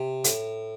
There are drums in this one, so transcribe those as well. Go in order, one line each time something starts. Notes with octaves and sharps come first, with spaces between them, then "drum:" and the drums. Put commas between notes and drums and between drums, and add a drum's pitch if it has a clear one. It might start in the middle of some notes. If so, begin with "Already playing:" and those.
Already playing: C3
A2, drum: hi-hat